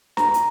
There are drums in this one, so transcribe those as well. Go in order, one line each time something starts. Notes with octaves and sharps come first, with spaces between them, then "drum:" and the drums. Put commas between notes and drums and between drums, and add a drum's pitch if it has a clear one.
A#5, drum: snare
drum: hi-hat